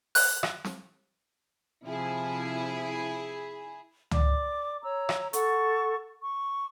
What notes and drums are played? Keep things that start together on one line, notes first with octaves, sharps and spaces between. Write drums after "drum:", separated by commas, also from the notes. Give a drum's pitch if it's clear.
F#6, drum: open hi-hat
drum: rim click
drum: snare
C3 F3 E4 G#4
D5 D6, drum: tom
C#5 A#5 E6
drum: rim click
A4 F#5 C#6, drum: hi-hat
C#6